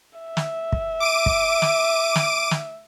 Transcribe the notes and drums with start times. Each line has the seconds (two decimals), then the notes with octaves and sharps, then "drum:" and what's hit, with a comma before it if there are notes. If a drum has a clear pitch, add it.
0.19 E5
0.37 drum: snare
0.72 drum: kick
1.00 D6 D7 D#7
1.26 drum: kick
1.62 drum: snare
2.16 drum: snare
2.51 drum: snare